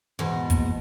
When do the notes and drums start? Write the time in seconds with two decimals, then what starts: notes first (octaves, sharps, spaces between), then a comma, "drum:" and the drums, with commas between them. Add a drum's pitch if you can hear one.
0.19 E2 G#2 B2
0.50 F2 A#3, drum: kick, hi-hat